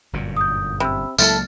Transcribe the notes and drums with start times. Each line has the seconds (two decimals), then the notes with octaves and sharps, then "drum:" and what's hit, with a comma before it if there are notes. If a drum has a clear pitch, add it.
0.13 G1 F#2 A#2
0.37 D#6 G6
0.80 C3 B5 E6
1.18 C#2 F#3 A3 A#3 E4 A4 F6 A6, drum: tambourine